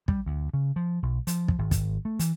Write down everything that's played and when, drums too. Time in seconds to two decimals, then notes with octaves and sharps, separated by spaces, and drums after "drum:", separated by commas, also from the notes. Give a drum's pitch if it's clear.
0.08 G3, drum: kick
0.26 D2
0.54 C#3
0.76 F3
1.03 B1
1.27 F3, drum: hi-hat
1.48 drum: kick
1.58 G#1
1.71 drum: kick, hi-hat
2.05 A3
2.19 E3, drum: hi-hat